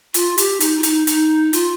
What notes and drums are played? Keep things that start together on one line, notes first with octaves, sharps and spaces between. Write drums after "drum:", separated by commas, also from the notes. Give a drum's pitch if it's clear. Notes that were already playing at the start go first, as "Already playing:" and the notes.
F4, drum: hi-hat
G4, drum: hi-hat
D#4, drum: hi-hat
F4
D#4, drum: hi-hat
D#4, drum: hi-hat
F4, drum: hi-hat